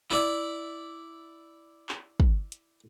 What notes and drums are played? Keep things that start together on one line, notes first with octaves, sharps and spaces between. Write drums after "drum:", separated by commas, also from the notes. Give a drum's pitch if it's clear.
E4 D5 E5, drum: clap
drum: clap
drum: kick
drum: hi-hat